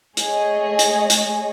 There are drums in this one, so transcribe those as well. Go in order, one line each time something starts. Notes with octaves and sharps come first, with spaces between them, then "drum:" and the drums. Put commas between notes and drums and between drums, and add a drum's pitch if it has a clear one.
A3 G#4 C#5 D#5, drum: hi-hat
drum: hi-hat
drum: hi-hat